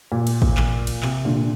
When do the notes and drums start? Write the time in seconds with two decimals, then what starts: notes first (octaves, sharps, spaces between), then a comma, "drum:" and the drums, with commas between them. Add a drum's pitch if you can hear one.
0.12 A#2
0.27 drum: cymbal
0.42 drum: kick A1
0.57 drum: clap
0.87 drum: cymbal
1.03 C3, drum: clap
1.25 A#2 D3